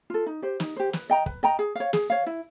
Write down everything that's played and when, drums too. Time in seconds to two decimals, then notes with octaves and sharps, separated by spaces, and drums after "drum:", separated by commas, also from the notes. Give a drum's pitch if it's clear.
0.10 F4 A4
0.26 D#4
0.42 G4 C5
0.60 D#4, drum: snare
0.76 G4 C5
0.93 B4, drum: snare
1.10 D#5 G5 A#5
1.26 B4, drum: kick
1.43 D#5 G5 A#5
1.59 G#4
1.75 C#5 F5
1.93 G#4, drum: snare
2.10 C#5 F5
2.26 E4